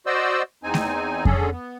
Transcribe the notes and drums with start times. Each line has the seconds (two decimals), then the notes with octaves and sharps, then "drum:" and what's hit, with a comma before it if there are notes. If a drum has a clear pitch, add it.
0.06 F#4 C5 D5 D#5 E6
0.63 E2 C4 D#4 G#5
0.74 drum: snare A3
1.25 D3 C#4 G#4 A4, drum: kick F2
1.52 B3